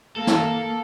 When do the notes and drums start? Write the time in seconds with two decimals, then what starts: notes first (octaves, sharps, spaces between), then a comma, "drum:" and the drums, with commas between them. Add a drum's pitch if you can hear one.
0.16 A#3 A4
0.27 drum: snare